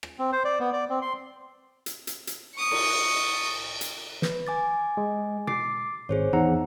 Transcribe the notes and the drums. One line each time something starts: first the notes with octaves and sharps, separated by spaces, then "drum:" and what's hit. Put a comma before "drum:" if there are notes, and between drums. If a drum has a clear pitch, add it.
drum: rim click
C4
C5
D5
B3
D5
C4
C6
drum: hi-hat
drum: hi-hat
drum: hi-hat
C#6 D#6
drum: cymbal
drum: hi-hat
B4, drum: snare
G#5 D6 A6
G#3
D6 A6 C7, drum: tom B2
G#1 G#4 C5 C#5
E2 D#4 F#5 A#5